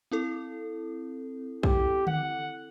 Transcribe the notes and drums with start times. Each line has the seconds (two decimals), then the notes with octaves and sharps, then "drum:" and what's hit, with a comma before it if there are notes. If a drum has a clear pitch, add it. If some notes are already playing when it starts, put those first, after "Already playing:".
0.12 C4 E4 A4
1.63 G4, drum: kick B1
2.07 F#5, drum: tom D3